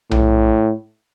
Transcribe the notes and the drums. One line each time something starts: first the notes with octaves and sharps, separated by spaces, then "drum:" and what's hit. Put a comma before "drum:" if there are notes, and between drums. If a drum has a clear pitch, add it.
A2, drum: tom B1